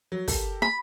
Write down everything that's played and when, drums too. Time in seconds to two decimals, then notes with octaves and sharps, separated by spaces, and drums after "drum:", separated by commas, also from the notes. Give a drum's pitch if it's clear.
0.12 F#3
0.28 G4 A4 A#4, drum: kick, open hi-hat
0.62 B5